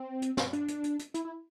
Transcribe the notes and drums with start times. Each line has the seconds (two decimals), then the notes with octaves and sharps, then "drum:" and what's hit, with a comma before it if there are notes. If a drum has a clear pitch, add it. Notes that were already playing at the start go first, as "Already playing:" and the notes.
Already playing: C4
0.22 drum: hi-hat
0.37 drum: snare
0.53 D4, drum: hi-hat
0.68 drum: hi-hat
0.84 drum: hi-hat
0.99 drum: hi-hat
1.14 E4, drum: hi-hat
1.25 E4